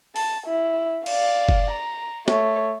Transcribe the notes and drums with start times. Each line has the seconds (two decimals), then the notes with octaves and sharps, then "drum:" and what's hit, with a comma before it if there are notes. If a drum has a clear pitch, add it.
0.16 A5, drum: open hi-hat
0.47 E4
1.06 D5 F5, drum: cymbal
1.49 drum: kick F#1
1.71 A#5
2.28 A3 C#5, drum: snare